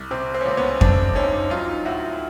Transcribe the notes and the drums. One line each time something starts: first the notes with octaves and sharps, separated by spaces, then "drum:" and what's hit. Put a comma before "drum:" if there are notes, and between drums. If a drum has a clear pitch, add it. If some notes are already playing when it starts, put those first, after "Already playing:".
Already playing: C2
C3 C4
C4
C#4
C#2 C4
B3 C#4
D3 C4 D4, drum: kick F2
D2 C#4 D#4
F#3 D#4 F4
A2 E4 F#4